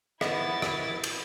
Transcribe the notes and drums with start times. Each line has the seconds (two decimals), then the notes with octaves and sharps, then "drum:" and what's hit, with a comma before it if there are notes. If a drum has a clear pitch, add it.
0.21 B3 E4 D#5 E5 D#6 A6, drum: rim click
0.62 drum: rim click
1.04 drum: cymbal